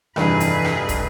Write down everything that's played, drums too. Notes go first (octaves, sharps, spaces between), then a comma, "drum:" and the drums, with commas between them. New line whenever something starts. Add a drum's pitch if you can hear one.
F1 G2 D#3 E3 D4 G#4 B4, drum: rim click
drum: hi-hat
drum: rim click
drum: kick, hi-hat